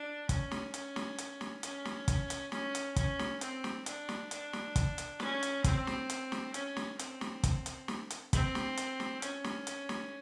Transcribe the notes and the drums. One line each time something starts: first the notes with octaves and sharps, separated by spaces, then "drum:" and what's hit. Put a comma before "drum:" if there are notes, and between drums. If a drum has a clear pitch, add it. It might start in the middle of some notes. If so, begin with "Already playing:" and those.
Already playing: D4
C#4, drum: kick, hi-hat
drum: snare
C#4, drum: hi-hat
drum: snare
drum: hi-hat
drum: snare
C#4, drum: hi-hat
drum: snare
drum: kick, hi-hat
drum: hi-hat
C#4, drum: snare
drum: hi-hat
C#4, drum: kick, hi-hat
drum: snare
C4, drum: hi-hat
drum: snare
D4, drum: hi-hat
drum: snare
D4, drum: hi-hat
drum: snare
drum: kick, hi-hat
drum: hi-hat
C#4, drum: snare
drum: hi-hat
C4, drum: kick, hi-hat
drum: snare
drum: hi-hat
drum: snare
C#4, drum: hi-hat
drum: snare
C4, drum: hi-hat
drum: snare
drum: kick, hi-hat
drum: hi-hat
drum: snare
drum: hi-hat
C4, drum: kick, hi-hat
drum: snare
drum: hi-hat
drum: snare
C#4, drum: hi-hat
drum: snare
drum: hi-hat
drum: snare